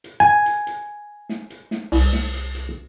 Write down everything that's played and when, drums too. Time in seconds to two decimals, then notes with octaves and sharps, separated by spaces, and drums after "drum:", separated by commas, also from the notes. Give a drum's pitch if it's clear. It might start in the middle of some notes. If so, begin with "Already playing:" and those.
0.04 drum: hi-hat
0.20 G#5
0.46 drum: hi-hat
0.67 drum: hi-hat
1.29 drum: snare
1.50 drum: hi-hat
1.71 drum: snare
1.92 C2, drum: open hi-hat
2.13 drum: snare
2.34 drum: hi-hat
2.55 drum: hi-hat